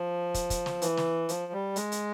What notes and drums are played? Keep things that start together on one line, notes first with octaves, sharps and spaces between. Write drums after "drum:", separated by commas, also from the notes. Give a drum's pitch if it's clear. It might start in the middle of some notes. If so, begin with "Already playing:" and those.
Already playing: F3
drum: kick, hi-hat
drum: kick, hi-hat
drum: snare
E3, drum: hi-hat
drum: snare
F3, drum: hi-hat
G3
G#3, drum: hi-hat
drum: hi-hat